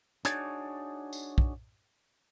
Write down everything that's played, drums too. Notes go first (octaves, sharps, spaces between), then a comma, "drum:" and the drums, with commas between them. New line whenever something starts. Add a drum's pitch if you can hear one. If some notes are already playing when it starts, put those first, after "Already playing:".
D4 D#4 F#4 G#4 C#5 D5, drum: hi-hat
drum: tambourine
drum: kick